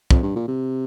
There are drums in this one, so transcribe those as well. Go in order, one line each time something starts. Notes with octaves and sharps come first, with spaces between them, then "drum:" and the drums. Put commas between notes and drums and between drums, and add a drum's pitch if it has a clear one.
F2, drum: kick
G2
A#2
C3